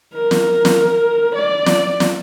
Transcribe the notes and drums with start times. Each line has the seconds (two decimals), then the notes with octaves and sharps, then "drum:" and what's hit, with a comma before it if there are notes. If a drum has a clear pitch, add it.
0.14 A#4
0.31 drum: snare
0.65 drum: snare
1.35 D5
1.66 drum: snare
2.00 drum: snare